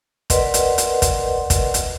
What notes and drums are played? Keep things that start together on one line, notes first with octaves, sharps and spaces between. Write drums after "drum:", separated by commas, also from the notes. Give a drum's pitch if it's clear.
A#4 B4 D5 D#5 F#5 C6, drum: kick, hi-hat
drum: hi-hat
drum: hi-hat
drum: kick, hi-hat
drum: kick, hi-hat
drum: hi-hat